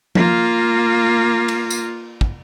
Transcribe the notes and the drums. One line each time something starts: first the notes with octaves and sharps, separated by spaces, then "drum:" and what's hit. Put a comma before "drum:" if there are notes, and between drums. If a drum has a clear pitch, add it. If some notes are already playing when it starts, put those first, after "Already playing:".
A#3 F4, drum: tom F3
drum: cymbal
drum: tambourine
drum: kick